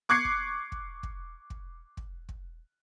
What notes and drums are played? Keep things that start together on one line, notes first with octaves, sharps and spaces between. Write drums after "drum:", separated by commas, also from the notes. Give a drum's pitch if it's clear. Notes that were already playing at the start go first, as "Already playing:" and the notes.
C#6 D6 F#6 G#6 C7 C#7
drum: kick
drum: kick
drum: kick
drum: kick
drum: kick
drum: kick